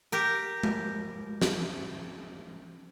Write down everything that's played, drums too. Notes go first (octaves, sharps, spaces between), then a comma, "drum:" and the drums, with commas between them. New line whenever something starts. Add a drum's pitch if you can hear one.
G4 A#4
drum: tom G#3
drum: snare